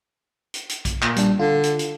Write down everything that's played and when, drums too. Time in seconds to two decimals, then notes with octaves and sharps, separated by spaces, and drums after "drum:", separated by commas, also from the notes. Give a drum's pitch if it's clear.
0.54 drum: hi-hat
0.69 drum: hi-hat
0.85 drum: kick A#1, hi-hat
1.02 A#2, drum: clap
1.16 G3 D4, drum: hi-hat
1.39 D3 F4
1.63 drum: hi-hat
1.79 drum: hi-hat